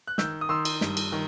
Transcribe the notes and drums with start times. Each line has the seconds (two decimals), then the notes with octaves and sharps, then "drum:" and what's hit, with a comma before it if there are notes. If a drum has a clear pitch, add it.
0.07 F#6
0.18 D#3 E6 G6, drum: snare
0.41 D#6
0.49 D#3 C6 E6
0.65 drum: cymbal
0.81 G2, drum: snare
0.97 drum: cymbal
1.12 D#3